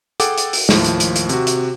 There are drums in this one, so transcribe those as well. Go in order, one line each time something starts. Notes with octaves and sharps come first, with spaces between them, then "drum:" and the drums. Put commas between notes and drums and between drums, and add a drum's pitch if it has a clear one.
G#4 A4 F#5 G5 D6, drum: hi-hat
drum: hi-hat
drum: open hi-hat
D#2 A2 F3, drum: snare
drum: hi-hat
drum: hi-hat
drum: hi-hat
C3 F#4, drum: hi-hat
drum: hi-hat